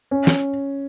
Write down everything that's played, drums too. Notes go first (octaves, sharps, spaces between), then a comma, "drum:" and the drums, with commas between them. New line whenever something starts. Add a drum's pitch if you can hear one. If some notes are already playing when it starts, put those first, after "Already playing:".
C#4
drum: snare